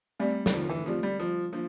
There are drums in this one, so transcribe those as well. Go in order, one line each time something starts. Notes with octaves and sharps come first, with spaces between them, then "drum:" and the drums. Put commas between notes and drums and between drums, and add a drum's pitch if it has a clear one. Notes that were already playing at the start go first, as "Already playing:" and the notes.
G3 A3 C4 G4 D5
G3, drum: snare
D3 F3
E3
F3 A3 C4 G4 D5
G3
F3 G3
F3 A#3 D4